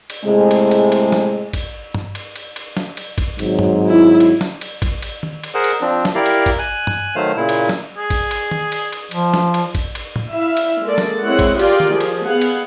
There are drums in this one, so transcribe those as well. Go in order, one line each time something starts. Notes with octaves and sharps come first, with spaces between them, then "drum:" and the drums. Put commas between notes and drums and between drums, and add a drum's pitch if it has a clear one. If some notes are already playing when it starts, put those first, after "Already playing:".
drum: cymbal
A2 C3 G#3
drum: cymbal
drum: cymbal
drum: cymbal
drum: snare
drum: kick G#1, cymbal
drum: tom G2
drum: cymbal
drum: cymbal
drum: cymbal
drum: snare
drum: cymbal
drum: kick G#1, cymbal
G#1 G#2 F#3, drum: cymbal
drum: tom G2
E4
drum: cymbal
drum: snare
drum: cymbal
drum: kick G#1, cymbal
drum: cymbal
drum: tom D#3
drum: cymbal
G#4 A#4 C5 F#5
drum: cymbal
F3 C4 D4
drum: snare
E4 G4 A#4 D5 F5
drum: cymbal
drum: kick G#1, cymbal
G#5 F#6
drum: tom G2
D#3 F#3 A3 C5 F5
A#2 C#3 E4
drum: cymbal
drum: snare
G#4
drum: kick G#1, cymbal
drum: cymbal
drum: tom D#3
drum: cymbal
drum: cymbal
F3, drum: cymbal
drum: snare
drum: cymbal
drum: kick G#1, cymbal
drum: cymbal
drum: tom
E4 E5 F5
drum: cymbal
G#3 A#3 A4 D5
drum: snare
G#3 C4 E4 C#5 F#5
drum: kick G#1, cymbal
F4 G4 G#4 A#4 D5, drum: cymbal
drum: tom D#3
F3 G#4
drum: cymbal
B3 G#4 F5 F#5
drum: cymbal